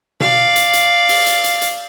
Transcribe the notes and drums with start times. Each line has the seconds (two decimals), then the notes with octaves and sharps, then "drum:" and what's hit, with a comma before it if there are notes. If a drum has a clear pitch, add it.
0.20 D5 F5, drum: tom B2
0.56 drum: hi-hat
0.73 drum: hi-hat
1.09 drum: open hi-hat
1.26 drum: hi-hat
1.44 drum: hi-hat
1.61 drum: hi-hat